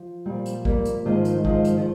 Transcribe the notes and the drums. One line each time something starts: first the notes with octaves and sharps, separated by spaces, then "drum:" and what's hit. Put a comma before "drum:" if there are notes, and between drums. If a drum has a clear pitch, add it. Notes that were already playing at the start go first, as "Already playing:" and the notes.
Already playing: F3
A#2 F3 G3
drum: hi-hat
G3 A#3, drum: kick A1
drum: hi-hat
G#2 D#3 F3 G#3
drum: hi-hat
F3 G#3, drum: kick A1
drum: hi-hat
F3